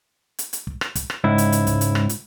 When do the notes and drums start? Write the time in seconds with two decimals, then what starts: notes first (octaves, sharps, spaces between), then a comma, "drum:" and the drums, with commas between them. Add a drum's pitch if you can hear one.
0.39 drum: hi-hat
0.53 drum: hi-hat
0.67 drum: kick
0.81 drum: rim click
0.95 drum: kick, hi-hat
1.10 drum: rim click
1.24 C#2 G#2 E4
1.38 drum: hi-hat
1.52 drum: hi-hat
1.67 drum: kick, hi-hat
1.81 drum: hi-hat
1.95 drum: rim click
2.09 drum: hi-hat